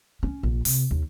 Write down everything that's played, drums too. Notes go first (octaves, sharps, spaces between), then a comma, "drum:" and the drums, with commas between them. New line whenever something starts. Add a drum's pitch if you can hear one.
C#4
A#1
C3, drum: open hi-hat
D#2